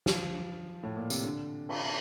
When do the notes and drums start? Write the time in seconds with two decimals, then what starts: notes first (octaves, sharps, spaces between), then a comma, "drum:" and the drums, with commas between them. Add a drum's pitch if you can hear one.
0.06 F3, drum: snare
0.83 A2
0.97 A#2
1.10 C3, drum: tambourine
1.24 D3
1.69 drum: cymbal